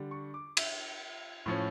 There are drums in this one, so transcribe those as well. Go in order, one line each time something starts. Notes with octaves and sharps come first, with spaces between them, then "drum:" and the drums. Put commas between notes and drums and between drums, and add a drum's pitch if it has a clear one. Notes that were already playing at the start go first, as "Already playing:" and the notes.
Already playing: D3 G3 D4
C#6
D6
E5, drum: cymbal
A2 F3 C#4